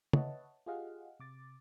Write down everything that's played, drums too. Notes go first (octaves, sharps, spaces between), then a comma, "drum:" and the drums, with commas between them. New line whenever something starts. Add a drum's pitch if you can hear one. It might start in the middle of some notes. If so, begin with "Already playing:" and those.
B4 C#5 D#5 E5 F#5 A5, drum: tom
F4 G4 G#4 D#5 F5 F#5
C3 D6 A6